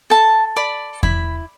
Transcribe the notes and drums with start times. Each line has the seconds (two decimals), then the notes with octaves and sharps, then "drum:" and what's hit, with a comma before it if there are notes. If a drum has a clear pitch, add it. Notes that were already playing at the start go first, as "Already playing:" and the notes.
0.10 A4 A5
0.56 D5 B5
1.03 E4 B5, drum: kick E2